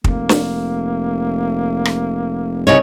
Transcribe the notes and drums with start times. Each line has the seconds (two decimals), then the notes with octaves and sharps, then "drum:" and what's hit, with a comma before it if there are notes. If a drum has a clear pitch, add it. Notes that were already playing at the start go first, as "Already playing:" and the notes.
0.04 F1 A#3, drum: kick
0.29 drum: snare
1.85 drum: rim click
2.67 C2 C#3 D#4 C#5